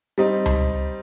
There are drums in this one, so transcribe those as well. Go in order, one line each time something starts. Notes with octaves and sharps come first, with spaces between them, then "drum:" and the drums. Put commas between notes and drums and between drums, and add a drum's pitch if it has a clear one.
G3 C4 D#4
drum: tom C#2